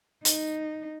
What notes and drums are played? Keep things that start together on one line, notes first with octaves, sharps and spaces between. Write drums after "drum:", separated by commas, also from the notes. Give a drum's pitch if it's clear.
D#4, drum: hi-hat